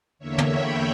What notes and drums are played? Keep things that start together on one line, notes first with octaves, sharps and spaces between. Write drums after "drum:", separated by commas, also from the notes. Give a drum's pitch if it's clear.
E2 D3 A#3 C#5 E5
drum: tom
G5 B5